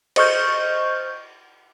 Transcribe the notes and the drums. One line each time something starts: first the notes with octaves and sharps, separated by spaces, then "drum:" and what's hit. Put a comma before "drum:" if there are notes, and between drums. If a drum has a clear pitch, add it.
C5 D#5 C#6 F6 G6, drum: cymbal